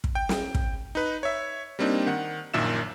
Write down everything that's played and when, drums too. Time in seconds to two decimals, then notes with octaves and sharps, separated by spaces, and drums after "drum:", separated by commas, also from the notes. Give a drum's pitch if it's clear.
0.04 drum: kick
0.15 G5
0.29 drum: snare
0.55 drum: kick
0.95 D#4 B4
1.23 C#5 E5
1.79 G3 A#3 C4 D4 D#4
2.07 D#3 F#5
2.54 A#1 F#2 A#2 D#3 E5 E7